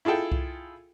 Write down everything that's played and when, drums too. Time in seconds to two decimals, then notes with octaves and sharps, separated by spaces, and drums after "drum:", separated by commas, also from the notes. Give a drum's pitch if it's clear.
0.05 E4 F4 G#4 A4 G5
0.32 drum: kick C2